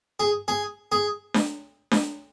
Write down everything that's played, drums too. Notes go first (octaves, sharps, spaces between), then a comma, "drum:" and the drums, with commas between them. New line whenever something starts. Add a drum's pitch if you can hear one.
G#4
G#4
G#4
drum: snare D4
drum: snare D4